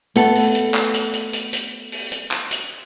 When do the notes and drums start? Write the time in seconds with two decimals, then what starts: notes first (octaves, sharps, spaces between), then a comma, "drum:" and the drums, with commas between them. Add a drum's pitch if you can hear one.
0.16 A3 B3 A4, drum: hi-hat
0.35 drum: open hi-hat
0.55 drum: hi-hat
0.74 drum: clap
0.94 drum: hi-hat
1.14 drum: hi-hat
1.33 drum: hi-hat
1.53 drum: hi-hat
1.92 drum: open hi-hat
2.12 drum: hi-hat
2.31 drum: clap
2.51 drum: hi-hat